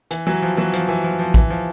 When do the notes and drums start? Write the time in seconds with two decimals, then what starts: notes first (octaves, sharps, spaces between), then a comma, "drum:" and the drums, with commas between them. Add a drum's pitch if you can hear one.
0.11 E3, drum: hi-hat
0.27 E3 F#3
0.42 F3
0.57 E3 F#3
0.73 F3, drum: hi-hat
0.89 E3
1.04 F3
1.19 F3
1.34 E3, drum: kick, hi-hat
1.50 F3